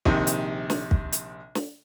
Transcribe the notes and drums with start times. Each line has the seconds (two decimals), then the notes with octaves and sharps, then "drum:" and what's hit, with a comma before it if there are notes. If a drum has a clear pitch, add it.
0.05 A#1 C3 D#3, drum: kick
0.27 drum: hi-hat
0.70 drum: snare
0.91 drum: kick
1.12 drum: hi-hat
1.55 drum: snare